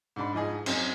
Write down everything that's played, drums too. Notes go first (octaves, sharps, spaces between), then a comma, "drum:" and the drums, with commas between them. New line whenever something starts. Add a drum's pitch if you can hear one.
G#2 D4 B5
G#2 F3 D#4 G#4
F#2 C4 D#4, drum: cymbal